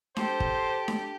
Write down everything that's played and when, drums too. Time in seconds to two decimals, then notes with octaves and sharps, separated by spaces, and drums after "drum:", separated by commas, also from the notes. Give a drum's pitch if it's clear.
0.16 G4 A4 C5, drum: snare D4
0.40 drum: kick
0.88 drum: snare D4